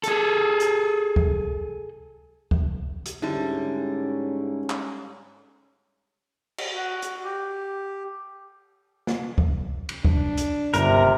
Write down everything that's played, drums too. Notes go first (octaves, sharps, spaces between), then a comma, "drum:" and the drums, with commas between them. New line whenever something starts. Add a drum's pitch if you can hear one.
G#4 A4, drum: hi-hat
drum: hi-hat
drum: kick
drum: kick
drum: hi-hat
G#2 D3 G3 C#4 E4
drum: clap
drum: cymbal
F#4
drum: hi-hat
G4
drum: snare
drum: kick
drum: cymbal
D4, drum: kick
drum: hi-hat
G1 C#2 C3 A#4, drum: hi-hat